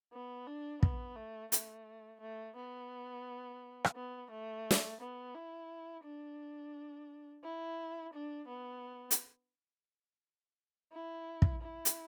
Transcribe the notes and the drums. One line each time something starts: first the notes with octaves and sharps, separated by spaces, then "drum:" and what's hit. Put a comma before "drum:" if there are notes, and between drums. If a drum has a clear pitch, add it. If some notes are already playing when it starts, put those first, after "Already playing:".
B3
D4
B3, drum: kick
A3
A3, drum: hi-hat
A3
B3
drum: rim click
B3
A3
drum: snare
B3
E4
D4
E4
D4
B3
drum: hi-hat
E4
drum: kick
E4
drum: hi-hat